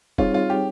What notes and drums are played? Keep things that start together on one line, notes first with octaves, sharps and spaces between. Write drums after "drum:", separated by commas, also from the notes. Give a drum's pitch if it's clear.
G3 C4 D#4 F4 G#4 C#5, drum: kick
F4
G4